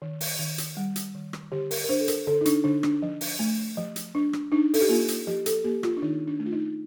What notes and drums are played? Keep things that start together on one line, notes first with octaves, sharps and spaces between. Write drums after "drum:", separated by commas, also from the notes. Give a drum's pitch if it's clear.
D#3
drum: open hi-hat
D#3
drum: hi-hat
G3
drum: hi-hat
D#3
drum: rim click
D3 G4
A#4, drum: open hi-hat
A#4
D4 C5
A4
A#4, drum: hi-hat
D3 A4
D#4
D4, drum: hi-hat
D3 D4
D4, drum: rim click
F3
drum: open hi-hat
A3
F3
drum: hi-hat
D4
drum: rim click
D4 D#4
A4, drum: open hi-hat
G4
A#3 F4
drum: hi-hat
F3 G4
A4, drum: hi-hat
A#3 G4
F4, drum: rim click
D4
D#3 D#4
D4
A3
F4
D#4